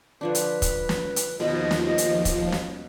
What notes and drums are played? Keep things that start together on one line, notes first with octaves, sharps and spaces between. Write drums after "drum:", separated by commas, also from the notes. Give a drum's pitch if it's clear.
D3 F3 D4 B4
drum: hi-hat
drum: kick, hi-hat
drum: snare
drum: hi-hat
D#2 B2 F3 D#5 B5
drum: snare
drum: hi-hat
drum: kick, hi-hat
drum: snare